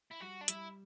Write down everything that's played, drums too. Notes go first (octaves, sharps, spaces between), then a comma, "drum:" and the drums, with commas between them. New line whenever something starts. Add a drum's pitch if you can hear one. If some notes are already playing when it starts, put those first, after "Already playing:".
E4
G3 F#4
D4
G3 E4, drum: hi-hat